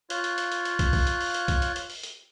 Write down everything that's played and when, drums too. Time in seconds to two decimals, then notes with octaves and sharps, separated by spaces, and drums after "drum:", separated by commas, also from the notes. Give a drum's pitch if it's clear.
0.10 F4 C#5 F#6, drum: hi-hat
0.24 drum: hi-hat
0.38 drum: hi-hat
0.52 drum: hi-hat
0.65 drum: hi-hat
0.79 drum: kick, hi-hat
0.93 drum: kick, open hi-hat
1.07 drum: hi-hat
1.21 drum: open hi-hat
1.34 drum: hi-hat
1.48 drum: kick, hi-hat
1.62 drum: hi-hat
1.76 drum: hi-hat
1.90 drum: open hi-hat
2.03 drum: hi-hat